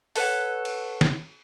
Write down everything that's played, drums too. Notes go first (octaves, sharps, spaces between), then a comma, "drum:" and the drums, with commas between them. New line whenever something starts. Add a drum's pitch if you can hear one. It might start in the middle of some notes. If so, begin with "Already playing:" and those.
A4 B4 C#5 F#5, drum: open hi-hat
drum: cymbal
drum: snare